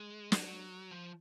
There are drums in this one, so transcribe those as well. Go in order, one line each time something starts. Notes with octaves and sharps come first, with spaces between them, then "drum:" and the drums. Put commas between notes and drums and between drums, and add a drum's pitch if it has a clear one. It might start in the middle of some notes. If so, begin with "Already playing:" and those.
Already playing: G#3
F#3, drum: snare
F3